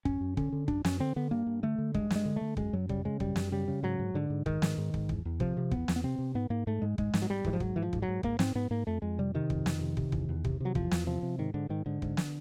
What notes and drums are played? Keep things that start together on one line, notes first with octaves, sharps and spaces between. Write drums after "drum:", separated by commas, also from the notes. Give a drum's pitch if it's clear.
F#2 C#4, drum: kick
F#2
D3 C#4, drum: kick
D3
F#2 D4, drum: kick
F#2 C#4, drum: snare
D3 C4
D3 B3
G2 A#3
G2
D3 A3
D3
G2 G#3, drum: kick
G2, drum: snare
G#3
D3
D3 A3
F#2 G#3, drum: kick
F#2 F#3
C#3 G3, drum: kick
C#3 G#3
F#2 G3, drum: kick
F#2, drum: snare
C#3 G3
C#3
G#2 F#3
G#2
G#2 D3
G#2
G#2 D#3, drum: kick
G#2, drum: snare
G#2
G#2, drum: kick
E2, drum: kick
E2
C3 F3, drum: kick
C3
E2 B3, drum: kick
E2, drum: snare
B3
C3 C4
C3
G#2 B3
G#2 A#3
G#2 A3
G#2 G#3
G#2 G#3, drum: kick
G#2, drum: snare
F#3
G#2 G3
G#2 E3, drum: kick
F3
G#2 F#3, drum: kick
G#2 E3
F3
G#2, drum: kick
F#3
G#2
G#2 A#3, drum: kick
G#2 C4, drum: snare
G#2 B3
G#2 A#3
F2 A3
F2 G#3
C3 G3
C3 D#3
F2, drum: kick
F2, drum: snare
C3
C3, drum: kick
E2, drum: kick
E2
C3, drum: kick
C3 F#3
E2 F3, drum: kick
E2, drum: snare
C3 F3
C3
G#2 D#3
G#2 D3
G#2 D#3
G#2 D3
G#2, drum: kick
drum: snare